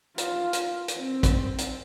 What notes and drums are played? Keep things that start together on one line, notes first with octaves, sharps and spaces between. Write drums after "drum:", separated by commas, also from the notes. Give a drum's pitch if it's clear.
F4, drum: hi-hat
drum: hi-hat
drum: hi-hat
C4
drum: kick, hi-hat
drum: hi-hat